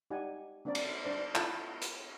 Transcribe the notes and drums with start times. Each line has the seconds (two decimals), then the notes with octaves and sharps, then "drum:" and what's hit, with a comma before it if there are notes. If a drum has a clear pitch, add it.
0.11 D#4 G4 D5 F#5 G#5
0.65 A#3 C4 D4 A#4 D5
0.75 drum: cymbal
1.05 D4 C5 D5
1.35 E4 F4 A4, drum: clap
1.82 drum: hi-hat